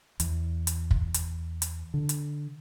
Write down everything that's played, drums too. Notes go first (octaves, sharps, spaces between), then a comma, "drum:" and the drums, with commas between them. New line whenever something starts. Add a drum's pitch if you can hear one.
E2, drum: hi-hat
drum: hi-hat
drum: kick
drum: hi-hat
drum: hi-hat
D3
drum: hi-hat